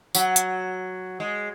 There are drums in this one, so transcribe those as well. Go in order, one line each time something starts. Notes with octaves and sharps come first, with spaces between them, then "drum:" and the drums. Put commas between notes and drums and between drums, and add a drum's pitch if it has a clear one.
F#3, drum: tambourine
drum: hi-hat
G#3